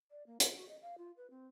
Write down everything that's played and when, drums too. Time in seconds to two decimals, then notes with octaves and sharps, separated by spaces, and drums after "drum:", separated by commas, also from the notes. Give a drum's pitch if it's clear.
0.11 D5
0.27 A#3
0.40 F4, drum: hi-hat
0.57 F#4
0.69 D#5
0.82 F5
0.98 F4
1.17 B4
1.30 C4